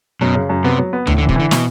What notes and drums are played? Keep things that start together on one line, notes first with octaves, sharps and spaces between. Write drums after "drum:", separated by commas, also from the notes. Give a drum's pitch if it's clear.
F#2 B2
C#3
F#2
C3 B3
F#3
B3
A2 D3, drum: tom D2
D3
E3
C3, drum: kick
D3 E3
B2, drum: snare